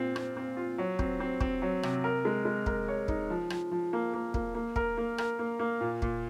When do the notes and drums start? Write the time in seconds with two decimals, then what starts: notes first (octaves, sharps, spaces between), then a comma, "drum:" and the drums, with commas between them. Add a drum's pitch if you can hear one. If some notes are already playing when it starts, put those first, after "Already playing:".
Already playing: A#2 C4 F4
0.16 C4, drum: rim click
0.37 C4
0.57 F4
0.78 F#3
0.99 C4, drum: kick
1.20 C4
1.41 C4, drum: kick
1.62 F#3
1.83 C3, drum: rim click
2.04 A#4
2.25 G#3
2.45 G#3
2.66 A#4, drum: kick
2.88 C#5
3.08 D#4, drum: kick
3.30 F3
3.50 F3, drum: rim click
3.71 F3
3.93 A#3
4.14 A#3
4.34 A#3, drum: kick
4.55 A#3
4.76 A#4, drum: kick
4.97 A#3
5.18 A#4, drum: rim click
5.39 A#3
5.59 A#3
5.81 A#2
6.02 A#2, drum: kick